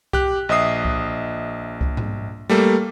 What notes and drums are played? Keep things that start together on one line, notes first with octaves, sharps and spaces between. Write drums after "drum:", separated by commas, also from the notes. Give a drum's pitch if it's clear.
G4 F#6, drum: kick C2
A#1 D#5 E5 D#6 C7
drum: kick C2
drum: kick C2
drum: tom G#2
G3 A3 A#3